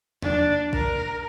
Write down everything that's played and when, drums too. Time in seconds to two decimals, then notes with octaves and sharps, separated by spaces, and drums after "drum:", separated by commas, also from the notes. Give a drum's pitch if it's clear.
0.22 D4, drum: tom
0.73 A#4, drum: kick